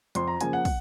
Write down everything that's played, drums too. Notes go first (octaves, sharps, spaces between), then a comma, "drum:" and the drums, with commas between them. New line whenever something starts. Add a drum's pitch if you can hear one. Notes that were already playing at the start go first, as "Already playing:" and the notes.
F2 C6, drum: hi-hat
A#5
C#3 F3 A#3 G#5, drum: hi-hat
F#5
drum: kick, open hi-hat